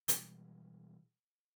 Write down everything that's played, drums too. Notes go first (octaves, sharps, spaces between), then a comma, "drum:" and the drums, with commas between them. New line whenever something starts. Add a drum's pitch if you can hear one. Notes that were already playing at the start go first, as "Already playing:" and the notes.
B2 E3 G3 G#3, drum: hi-hat